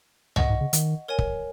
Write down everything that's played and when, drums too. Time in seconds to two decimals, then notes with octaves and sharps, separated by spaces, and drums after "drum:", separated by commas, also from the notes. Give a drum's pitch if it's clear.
0.36 F#2 D#5 F#5 C#6, drum: tom
0.49 G#2
0.61 C#3
0.73 D#3, drum: hi-hat
1.08 A#4 C#5 G#5
1.19 drum: kick